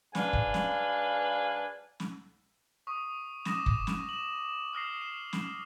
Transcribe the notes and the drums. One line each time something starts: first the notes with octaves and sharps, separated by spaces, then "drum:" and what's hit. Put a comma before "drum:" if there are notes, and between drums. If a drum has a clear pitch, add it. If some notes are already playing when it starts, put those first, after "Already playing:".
G#2 F#3 D4 B4 F5 G#5, drum: snare
drum: kick
drum: snare
drum: snare
C#6 D#6
D6 D#6 A#6 E7, drum: snare
drum: kick
drum: snare
E7 F#7
D#6 F6 A#6 C7
E7
drum: snare